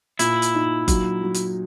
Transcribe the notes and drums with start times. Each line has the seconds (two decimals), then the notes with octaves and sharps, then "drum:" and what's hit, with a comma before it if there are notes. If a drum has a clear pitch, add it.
0.19 A#2 E4, drum: hi-hat
0.42 drum: hi-hat
0.54 D#4
0.88 F#3, drum: kick F#1, hi-hat
1.23 F#3
1.34 drum: hi-hat